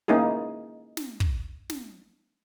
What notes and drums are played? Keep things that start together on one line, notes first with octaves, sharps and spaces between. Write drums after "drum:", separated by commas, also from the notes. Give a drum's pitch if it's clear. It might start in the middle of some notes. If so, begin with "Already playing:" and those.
A#3 C#4 D#4 E4 G#4
drum: snare
drum: kick
drum: snare